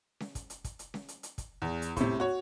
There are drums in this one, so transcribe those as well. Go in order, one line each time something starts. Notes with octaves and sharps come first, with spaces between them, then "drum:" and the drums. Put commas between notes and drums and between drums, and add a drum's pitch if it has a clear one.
drum: snare C#4
drum: kick, hi-hat
drum: hi-hat
drum: kick, hi-hat
drum: hi-hat
drum: snare C#4
drum: hi-hat
drum: hi-hat
drum: kick, hi-hat
E2
drum: hi-hat
A2 C3, drum: kick, hi-hat
F#4 C#5